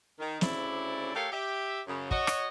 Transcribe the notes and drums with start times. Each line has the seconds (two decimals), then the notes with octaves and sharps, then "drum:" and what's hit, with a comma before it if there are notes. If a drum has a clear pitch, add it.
0.20 D#3
0.41 D2 C#3 C4 E4 D5, drum: snare
1.15 A3 G4 A4 A#4 C#5 F5
1.32 G4 E5
1.87 F#2 C#3
2.11 F#4 C#5 D#5, drum: kick
2.27 drum: rim click